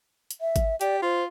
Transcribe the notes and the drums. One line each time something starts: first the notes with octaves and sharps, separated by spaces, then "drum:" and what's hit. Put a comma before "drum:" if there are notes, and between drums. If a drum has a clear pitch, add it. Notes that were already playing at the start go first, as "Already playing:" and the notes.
drum: hi-hat
E5
drum: kick G#1, hi-hat
G4 D5, drum: hi-hat
F4 C5